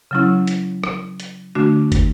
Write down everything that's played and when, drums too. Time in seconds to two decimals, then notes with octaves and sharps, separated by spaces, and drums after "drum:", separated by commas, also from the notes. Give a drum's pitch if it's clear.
0.11 C#3 F#3 C#4 E4
0.47 drum: hi-hat
0.84 drum: rim click
1.20 drum: hi-hat
1.55 D3 A3 D4 F#4
1.92 drum: kick, hi-hat